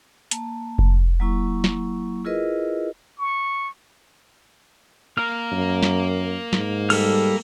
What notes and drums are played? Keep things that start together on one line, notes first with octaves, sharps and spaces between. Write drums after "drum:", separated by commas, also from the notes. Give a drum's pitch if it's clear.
A#3 A5, drum: hi-hat
drum: kick F1
F#3 A#3 E4 C#6
drum: snare
E4 F4 G#4 A#4 B4 D#5
C#6
A#3 A#4 F6
F#2
drum: snare
G#2, drum: snare
G3 A4 F6, drum: cymbal